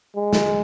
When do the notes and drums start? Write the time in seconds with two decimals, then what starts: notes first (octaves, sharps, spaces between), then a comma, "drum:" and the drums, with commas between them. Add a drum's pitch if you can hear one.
0.16 G#3
0.33 drum: snare